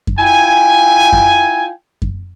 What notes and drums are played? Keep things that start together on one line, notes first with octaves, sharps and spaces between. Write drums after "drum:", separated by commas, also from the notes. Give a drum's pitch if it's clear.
drum: kick F#2
E4 F4 G5 G#5
drum: kick F#2
drum: kick F#2